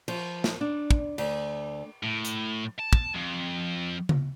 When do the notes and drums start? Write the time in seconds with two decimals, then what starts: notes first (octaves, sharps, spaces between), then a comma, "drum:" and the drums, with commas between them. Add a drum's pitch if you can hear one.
0.08 F3, drum: cymbal
0.44 drum: snare
0.61 D4
0.91 drum: kick
1.18 D2, drum: cymbal
2.03 A2
2.25 drum: hi-hat
2.79 A5
2.93 drum: kick
3.15 F2
4.09 drum: tom C#3